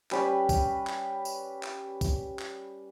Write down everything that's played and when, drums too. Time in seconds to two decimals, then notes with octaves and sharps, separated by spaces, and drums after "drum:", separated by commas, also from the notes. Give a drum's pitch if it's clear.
0.11 G3 C#4 G4 B4, drum: clap
0.49 drum: kick B1, tambourine
0.87 drum: clap
1.25 drum: tambourine
1.63 drum: clap
2.01 drum: kick B1, tambourine
2.39 drum: clap